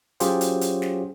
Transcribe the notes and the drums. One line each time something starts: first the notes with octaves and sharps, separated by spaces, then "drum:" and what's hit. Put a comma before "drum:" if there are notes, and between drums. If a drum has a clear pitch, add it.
F#3 C#4 F4 G4 G#4 C5, drum: hi-hat
drum: hi-hat
drum: hi-hat
drum: snare